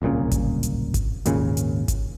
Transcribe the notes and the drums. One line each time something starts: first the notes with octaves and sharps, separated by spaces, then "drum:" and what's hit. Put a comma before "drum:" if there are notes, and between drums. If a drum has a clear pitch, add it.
D1 C2 A#2 C#3
drum: kick G#1, hi-hat
drum: hi-hat
drum: kick G#1, hi-hat
G#1 D#2 A#2 C#3, drum: hi-hat
drum: hi-hat
drum: kick G#1, hi-hat